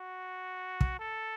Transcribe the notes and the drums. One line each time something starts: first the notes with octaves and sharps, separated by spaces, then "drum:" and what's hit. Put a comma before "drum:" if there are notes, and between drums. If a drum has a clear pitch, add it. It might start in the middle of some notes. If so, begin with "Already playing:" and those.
Already playing: F#4
drum: kick
A4